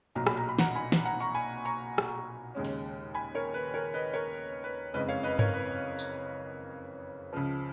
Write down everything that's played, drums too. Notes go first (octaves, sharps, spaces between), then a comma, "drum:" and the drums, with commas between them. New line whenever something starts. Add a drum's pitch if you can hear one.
B1 A#2 F#3 A#5
B5, drum: rim click
A#5
B5
F#5 A#5, drum: snare
G#5 B5
drum: snare
F#5 A#5
A#5 C#6
G#5 B5
A#5 C#6
drum: rim click
D#2 C#3 G#3 C#4
drum: open hi-hat
G#5 B5
A#4 C#5
B4
A#4 C#5
B4 D#5
A#4 C#5
B4
F#1 F2 C#3 G#3 B4 D#5
C#5 F5
B4 D#5
A#4 C#5, drum: tom G2
B4
drum: tambourine
C#2 C#3 F3